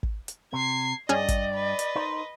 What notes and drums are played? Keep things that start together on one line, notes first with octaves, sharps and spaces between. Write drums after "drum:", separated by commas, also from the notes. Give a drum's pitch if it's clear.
drum: kick
drum: hi-hat
C3 G#6 C7
G2 C#4 G#4 D5 D#5
drum: kick, hi-hat
B4 D#5
drum: hi-hat
D#4 A#4 C5